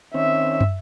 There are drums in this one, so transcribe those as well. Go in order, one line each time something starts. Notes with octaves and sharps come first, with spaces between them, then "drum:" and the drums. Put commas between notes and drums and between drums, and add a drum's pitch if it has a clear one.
D#3 C4 C#4 E5
drum: tom